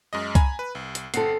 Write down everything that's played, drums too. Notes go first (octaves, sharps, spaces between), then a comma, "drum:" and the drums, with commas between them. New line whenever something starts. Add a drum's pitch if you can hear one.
F#2 G#3 D#5
G#5 A#5 B5, drum: kick C2, hi-hat
B4
C2
drum: hi-hat
G1 C4 A4 F#5 C7, drum: hi-hat